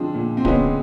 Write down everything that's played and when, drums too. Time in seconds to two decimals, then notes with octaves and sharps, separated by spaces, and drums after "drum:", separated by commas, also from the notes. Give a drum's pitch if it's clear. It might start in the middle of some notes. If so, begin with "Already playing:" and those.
Already playing: F3 G#3 C4 D4
0.14 A#2
0.37 C4
0.45 G#3 B3 C#4, drum: kick D1